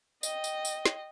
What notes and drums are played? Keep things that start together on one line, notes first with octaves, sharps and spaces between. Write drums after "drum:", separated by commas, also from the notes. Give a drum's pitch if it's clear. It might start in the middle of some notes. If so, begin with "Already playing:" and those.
D#5 G5, drum: tambourine
drum: tambourine
drum: tambourine
drum: snare